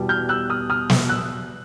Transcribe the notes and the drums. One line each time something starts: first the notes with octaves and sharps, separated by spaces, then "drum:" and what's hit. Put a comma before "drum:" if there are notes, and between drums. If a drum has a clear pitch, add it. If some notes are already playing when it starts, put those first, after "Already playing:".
Already playing: E2 B2 G3
F6 G6
E6 F#6
D#6 F6
D#6 F6
drum: snare
E6 F#6